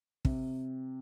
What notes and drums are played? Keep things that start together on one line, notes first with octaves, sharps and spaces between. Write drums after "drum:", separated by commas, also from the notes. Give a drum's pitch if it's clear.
C3, drum: kick